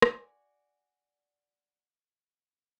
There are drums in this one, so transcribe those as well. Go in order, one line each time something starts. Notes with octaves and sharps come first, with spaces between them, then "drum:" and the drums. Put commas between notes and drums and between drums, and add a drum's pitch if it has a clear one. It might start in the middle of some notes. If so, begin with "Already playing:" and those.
F#4 D5 G#5 C#6, drum: rim click